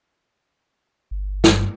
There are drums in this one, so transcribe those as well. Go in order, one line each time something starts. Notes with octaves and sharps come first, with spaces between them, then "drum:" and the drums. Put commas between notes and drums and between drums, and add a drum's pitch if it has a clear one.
G1
G2, drum: snare